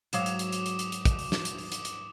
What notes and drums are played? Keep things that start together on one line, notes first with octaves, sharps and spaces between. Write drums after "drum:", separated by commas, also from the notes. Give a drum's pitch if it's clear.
G#2 F#3 F5 D6 D#6 E7, drum: hi-hat
drum: hi-hat
drum: hi-hat
drum: hi-hat
drum: hi-hat
drum: hi-hat
drum: hi-hat
drum: kick, hi-hat
drum: open hi-hat
drum: snare
drum: hi-hat
drum: open hi-hat
drum: hi-hat
drum: hi-hat